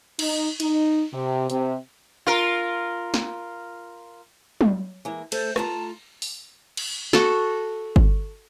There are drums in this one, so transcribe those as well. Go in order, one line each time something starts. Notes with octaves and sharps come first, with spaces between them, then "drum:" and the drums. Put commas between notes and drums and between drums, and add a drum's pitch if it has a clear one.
D#4, drum: cymbal
D#4, drum: cymbal
C3
C3, drum: hi-hat
F4 A#4
drum: snare
drum: tom
E3 G#3 A#3
A3 A4 C5, drum: cymbal
A3 F4 A5 A#5, drum: rim click
drum: open hi-hat
drum: cymbal
F#4 A4, drum: snare
drum: kick G1